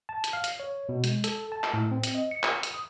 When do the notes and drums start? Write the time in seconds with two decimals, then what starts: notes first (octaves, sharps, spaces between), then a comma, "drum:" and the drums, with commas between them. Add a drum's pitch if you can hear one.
0.09 A5
0.24 drum: hi-hat
0.33 F5
0.44 drum: hi-hat
0.60 C#5
0.89 B2
1.04 G#3, drum: hi-hat
1.24 A4, drum: hi-hat
1.52 A5
1.64 drum: clap
1.73 A2
1.91 C4
2.03 drum: hi-hat
2.15 D#5
2.31 C#7
2.43 drum: clap
2.63 drum: hi-hat
2.74 D#6